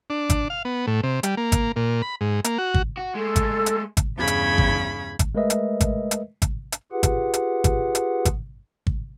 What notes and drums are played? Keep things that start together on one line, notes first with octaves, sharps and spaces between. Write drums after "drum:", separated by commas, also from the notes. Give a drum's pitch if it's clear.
D4
drum: kick, hi-hat
F5
B3
A2
C3
G3, drum: hi-hat
A#3
drum: kick, hi-hat
A#2
B5
G#2
A#3, drum: hi-hat
F#4
drum: kick
F#4
G#3 A3 A4
drum: kick, hi-hat
drum: hi-hat
drum: kick, hi-hat
E2 G2 C#3 B5 G#6
drum: hi-hat
drum: kick
drum: kick, hi-hat
G#3 A3 A#4 B4 D#5 E5
drum: hi-hat
drum: kick, hi-hat
drum: hi-hat
drum: kick, hi-hat
drum: hi-hat
F4 G4 G#4 B4 F#5
drum: kick, hi-hat
drum: hi-hat
drum: kick, hi-hat
drum: hi-hat
drum: kick, hi-hat
drum: kick